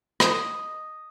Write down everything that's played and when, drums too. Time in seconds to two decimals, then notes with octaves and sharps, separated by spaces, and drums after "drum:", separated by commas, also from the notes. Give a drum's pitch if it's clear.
0.20 D#5, drum: rim click